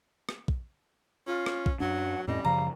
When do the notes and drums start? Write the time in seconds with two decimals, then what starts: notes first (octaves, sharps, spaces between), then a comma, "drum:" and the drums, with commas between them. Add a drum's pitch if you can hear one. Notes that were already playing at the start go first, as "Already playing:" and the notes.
0.29 drum: rim click
0.48 drum: kick A#1
1.27 C#4 F4
1.46 drum: rim click
1.66 drum: kick A#1
1.80 F#2 F#3 D4 F#5
2.28 F2 A2 G3 C#4 D#5
2.45 F#2 C#3 F3 F5 A#5